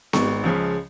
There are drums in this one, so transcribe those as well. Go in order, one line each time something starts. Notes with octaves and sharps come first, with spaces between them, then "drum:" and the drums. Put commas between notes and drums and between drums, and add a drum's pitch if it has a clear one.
G#1 G#2 D#3 G#3 C#6, drum: snare B3
C#2 C#3 F3 G#3